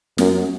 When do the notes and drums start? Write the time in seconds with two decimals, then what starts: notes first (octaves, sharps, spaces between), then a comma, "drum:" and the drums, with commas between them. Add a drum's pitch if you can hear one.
0.18 F#2, drum: snare